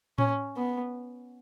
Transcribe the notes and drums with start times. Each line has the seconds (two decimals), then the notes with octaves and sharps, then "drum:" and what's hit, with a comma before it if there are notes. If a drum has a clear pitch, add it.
0.18 C#4, drum: tom A2
0.57 B3